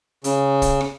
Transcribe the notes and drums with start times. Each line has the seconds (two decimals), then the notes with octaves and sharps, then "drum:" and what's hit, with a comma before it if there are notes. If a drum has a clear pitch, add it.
0.24 C#3, drum: hi-hat
0.62 drum: kick, hi-hat
0.81 drum: rim click